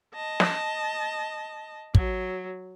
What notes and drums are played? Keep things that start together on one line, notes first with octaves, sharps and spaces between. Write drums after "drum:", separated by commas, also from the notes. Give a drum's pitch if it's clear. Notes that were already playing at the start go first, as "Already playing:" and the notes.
D#5 A5
drum: snare
F#3, drum: kick